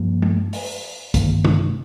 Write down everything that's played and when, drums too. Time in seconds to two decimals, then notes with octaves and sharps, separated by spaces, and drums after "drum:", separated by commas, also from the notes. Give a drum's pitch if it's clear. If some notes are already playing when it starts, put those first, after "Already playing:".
Already playing: G2 F3 A#3
0.22 drum: tom G#3
0.53 drum: open hi-hat
1.14 G1 G2 D#3 A#3, drum: kick, hi-hat
1.45 drum: tom C3